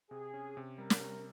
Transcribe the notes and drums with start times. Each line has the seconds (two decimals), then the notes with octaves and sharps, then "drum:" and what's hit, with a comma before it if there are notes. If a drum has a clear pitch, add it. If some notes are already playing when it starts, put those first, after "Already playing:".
0.11 C3 G#4
0.34 C#4
0.57 C3
0.78 G3 A#4
0.90 drum: snare
1.00 C3